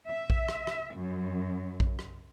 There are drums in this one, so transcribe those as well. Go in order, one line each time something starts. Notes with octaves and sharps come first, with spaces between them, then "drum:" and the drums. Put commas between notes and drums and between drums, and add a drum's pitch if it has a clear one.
E5
drum: kick A#1
drum: rim click
drum: rim click
F#2
drum: kick A#1
drum: rim click